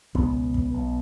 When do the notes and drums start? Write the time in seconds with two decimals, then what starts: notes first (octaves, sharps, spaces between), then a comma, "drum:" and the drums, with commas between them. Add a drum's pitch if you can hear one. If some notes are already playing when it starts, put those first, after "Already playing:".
0.15 C#2 B2 B3, drum: kick
0.54 drum: kick
0.73 B1 B2